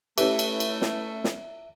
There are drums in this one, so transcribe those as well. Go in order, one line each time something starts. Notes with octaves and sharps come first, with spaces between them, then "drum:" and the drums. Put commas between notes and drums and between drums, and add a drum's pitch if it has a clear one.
A3 C#4 E4 G4 B4 E5, drum: cymbal
drum: cymbal
drum: cymbal
drum: snare
drum: snare